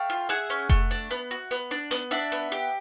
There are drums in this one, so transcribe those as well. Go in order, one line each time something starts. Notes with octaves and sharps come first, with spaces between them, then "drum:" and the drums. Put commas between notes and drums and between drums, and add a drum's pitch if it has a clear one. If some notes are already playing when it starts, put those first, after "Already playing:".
Already playing: A3 F5 G5
F4
G#4 E5 F#5
C#4
A3, drum: kick F1
D4
B3
F#4
B3
D4
B3, drum: hi-hat
D4 E5 F#5
B3
G4